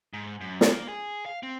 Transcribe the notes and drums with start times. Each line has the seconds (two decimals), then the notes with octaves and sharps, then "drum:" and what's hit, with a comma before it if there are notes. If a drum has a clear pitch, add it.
0.13 G#2
0.41 F#2
0.61 A#3, drum: snare
0.88 G#4
1.26 F5
1.43 C4